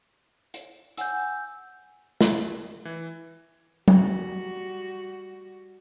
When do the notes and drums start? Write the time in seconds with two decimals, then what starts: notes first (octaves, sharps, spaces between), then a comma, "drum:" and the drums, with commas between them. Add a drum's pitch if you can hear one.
0.54 drum: hi-hat
0.97 F#5 G#5 E6 G6, drum: hi-hat
2.21 drum: snare
2.85 E3
3.88 G3 F#4, drum: tom F#3